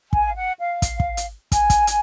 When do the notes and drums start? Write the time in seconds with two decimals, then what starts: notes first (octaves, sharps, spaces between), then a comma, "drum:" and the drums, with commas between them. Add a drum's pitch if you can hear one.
0.13 G#5, drum: kick
0.24 F5
0.35 F#5
0.59 F5
0.82 drum: kick, hi-hat
1.00 drum: kick
1.17 drum: hi-hat
1.52 G#5, drum: kick, hi-hat
1.70 drum: kick, hi-hat
1.87 drum: hi-hat